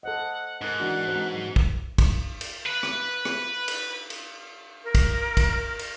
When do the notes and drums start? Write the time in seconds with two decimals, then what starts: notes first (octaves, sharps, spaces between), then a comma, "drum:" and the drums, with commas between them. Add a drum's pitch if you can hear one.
0.03 A4 C5 D#5 F#5
0.61 G#2 D#4 A#4 F#6
0.80 E3 D4 F#4
1.07 C4 F#4 C5
1.35 F#3
1.56 drum: kick
1.98 drum: kick, cymbal
2.41 drum: cymbal
2.66 B4
2.83 drum: rim click
3.25 drum: rim click
3.68 drum: cymbal
4.10 drum: cymbal
4.84 A#4
4.95 drum: kick, cymbal
5.37 drum: kick, cymbal
5.79 drum: cymbal